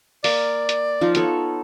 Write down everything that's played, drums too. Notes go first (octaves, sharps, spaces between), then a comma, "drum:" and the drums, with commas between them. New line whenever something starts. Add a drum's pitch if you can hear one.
A#3 D5, drum: open hi-hat
drum: hi-hat
F3 D#4 F4
B3 A4 C#5, drum: hi-hat